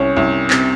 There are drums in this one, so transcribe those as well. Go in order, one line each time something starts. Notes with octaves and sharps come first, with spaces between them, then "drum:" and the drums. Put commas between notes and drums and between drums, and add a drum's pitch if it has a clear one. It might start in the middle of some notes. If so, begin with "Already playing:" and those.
Already playing: C2 C#4
C2
C3, drum: clap